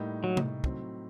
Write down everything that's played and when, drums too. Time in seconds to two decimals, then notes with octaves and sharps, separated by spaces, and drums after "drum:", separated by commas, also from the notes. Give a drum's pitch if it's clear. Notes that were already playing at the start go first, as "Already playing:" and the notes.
Already playing: A2 G3 A#3 D#4
0.24 F#3
0.37 drum: tom C3
0.64 A2 F#3 C4 D#4, drum: kick